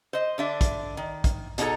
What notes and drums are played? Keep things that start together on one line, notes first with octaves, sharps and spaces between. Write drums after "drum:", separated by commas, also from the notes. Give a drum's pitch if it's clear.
C5 D#5
D3 D4 E5
drum: kick, hi-hat
D#3
drum: kick, hi-hat
B2 D4 D#4 G#4 A4 A#5, drum: hi-hat